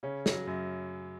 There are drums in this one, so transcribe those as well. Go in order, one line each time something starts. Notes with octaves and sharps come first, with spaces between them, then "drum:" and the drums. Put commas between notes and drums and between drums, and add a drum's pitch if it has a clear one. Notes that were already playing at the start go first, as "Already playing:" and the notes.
C#3 C#4
F#3, drum: snare
F#2